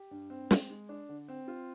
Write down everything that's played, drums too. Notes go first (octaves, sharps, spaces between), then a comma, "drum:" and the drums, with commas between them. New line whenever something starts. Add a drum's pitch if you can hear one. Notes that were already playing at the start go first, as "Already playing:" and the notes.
Already playing: G4
G2
C4
G#3, drum: snare
G#3
D4
D3
C4
F4